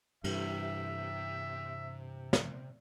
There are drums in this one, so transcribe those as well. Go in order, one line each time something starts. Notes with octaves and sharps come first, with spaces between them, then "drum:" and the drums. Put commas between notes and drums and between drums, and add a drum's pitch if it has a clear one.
G2 C3 E3 E5, drum: cymbal
drum: snare